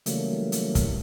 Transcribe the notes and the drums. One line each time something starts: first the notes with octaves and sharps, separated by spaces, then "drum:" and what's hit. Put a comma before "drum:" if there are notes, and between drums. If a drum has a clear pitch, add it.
C#3 E3 F#3 G3 A3 A#3, drum: hi-hat
drum: hi-hat
drum: kick, hi-hat